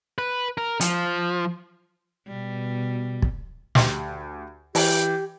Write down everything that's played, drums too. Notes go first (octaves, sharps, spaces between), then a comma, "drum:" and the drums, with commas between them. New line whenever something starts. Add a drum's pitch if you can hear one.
B4
A#4
F3, drum: hi-hat
B2 G3
drum: kick
D2 G4, drum: snare
E3 G4, drum: open hi-hat